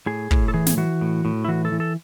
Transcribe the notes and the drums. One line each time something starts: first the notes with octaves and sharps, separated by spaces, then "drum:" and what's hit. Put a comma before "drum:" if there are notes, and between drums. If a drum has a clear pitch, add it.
A2 G#4
A2, drum: kick
A4
E3 G#4
drum: snare
E3 F#4
A2
A2
E4
E3 F#4
A4
E3
A4